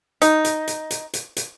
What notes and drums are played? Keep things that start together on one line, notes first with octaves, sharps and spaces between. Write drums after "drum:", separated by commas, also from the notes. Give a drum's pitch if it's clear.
D#4, drum: hi-hat
drum: hi-hat
drum: hi-hat
drum: hi-hat
drum: hi-hat
drum: hi-hat